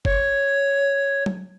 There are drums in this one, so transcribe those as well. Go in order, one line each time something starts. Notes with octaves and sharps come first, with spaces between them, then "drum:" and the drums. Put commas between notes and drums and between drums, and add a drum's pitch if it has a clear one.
C#5, drum: kick
drum: tom F#3